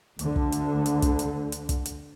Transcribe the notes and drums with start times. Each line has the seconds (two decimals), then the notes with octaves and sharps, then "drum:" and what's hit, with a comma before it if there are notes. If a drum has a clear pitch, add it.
0.19 D2 D3, drum: hi-hat
0.36 drum: kick
0.52 drum: hi-hat
0.86 drum: hi-hat
1.02 drum: kick, hi-hat
1.19 drum: hi-hat
1.52 drum: hi-hat
1.69 drum: kick, hi-hat
1.86 drum: hi-hat